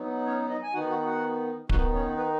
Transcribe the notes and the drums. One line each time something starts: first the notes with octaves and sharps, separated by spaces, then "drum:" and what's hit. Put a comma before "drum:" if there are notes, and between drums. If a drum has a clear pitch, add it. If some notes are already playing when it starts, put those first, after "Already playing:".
Already playing: F#3 B3 D#4
C#4 C#5
D#4 D#5
G#5
D#3 B3 D#4 F#4 F#5
F#4 F#5
F#4 F#5
D#3 B3 D#4 F#4 F#5, drum: kick D1
C#4 C#5
B3 B4